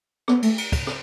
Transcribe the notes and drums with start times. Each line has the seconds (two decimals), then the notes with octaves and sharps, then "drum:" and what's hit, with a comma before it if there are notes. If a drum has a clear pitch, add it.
0.28 B3, drum: rim click
0.42 A3, drum: cymbal
0.58 drum: cymbal
0.72 drum: kick, cymbal
0.87 drum: rim click